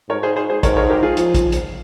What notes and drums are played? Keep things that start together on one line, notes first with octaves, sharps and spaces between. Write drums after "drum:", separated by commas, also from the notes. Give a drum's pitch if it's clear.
G#2 A#4 C#5
G#4 C5
G#4 C5
G#4 C5
G#2 A#4 C#5, drum: kick, hi-hat
A#4 C#5
G4 A#4
F4 G#4
F3, drum: hi-hat
drum: kick, hi-hat
drum: hi-hat